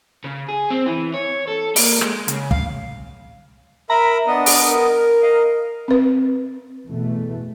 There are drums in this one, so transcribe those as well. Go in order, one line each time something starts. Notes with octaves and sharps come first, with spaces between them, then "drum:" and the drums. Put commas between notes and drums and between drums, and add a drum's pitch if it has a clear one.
C#3
G#4
C4
E3
C#5
A4
A#3, drum: open hi-hat
G#3, drum: rim click
C#3, drum: hi-hat
F5, drum: kick
A#4 E5 A#5 B5
B3 D4 D#5
drum: open hi-hat
A#4
D#5 F5
C4 B4
E2 B2 E3 A3